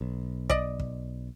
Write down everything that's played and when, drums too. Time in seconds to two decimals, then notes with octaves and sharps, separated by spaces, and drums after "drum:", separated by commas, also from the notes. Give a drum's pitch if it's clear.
0.01 B1
0.50 D5 D#5, drum: kick
0.80 drum: kick